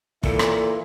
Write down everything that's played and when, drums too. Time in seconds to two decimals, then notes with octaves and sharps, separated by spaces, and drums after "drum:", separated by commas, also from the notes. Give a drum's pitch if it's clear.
0.23 A#2 E3 E4 A4, drum: kick
0.39 drum: rim click